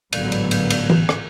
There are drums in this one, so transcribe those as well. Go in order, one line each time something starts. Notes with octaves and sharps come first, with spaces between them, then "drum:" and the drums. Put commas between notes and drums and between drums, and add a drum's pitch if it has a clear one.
A1 G#2 D3 F#3 B3, drum: cymbal
drum: cymbal
drum: cymbal
drum: cymbal
drum: tom E3
drum: rim click